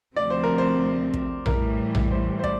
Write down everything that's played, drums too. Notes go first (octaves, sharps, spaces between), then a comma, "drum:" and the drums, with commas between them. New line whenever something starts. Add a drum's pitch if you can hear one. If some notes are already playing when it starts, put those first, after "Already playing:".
D2 C3 F3 C4 D5
C5
A#4
C5
drum: kick
A2 E3 G3 A#4, drum: tom A#1
drum: tom A#1
C5
C5
D5, drum: kick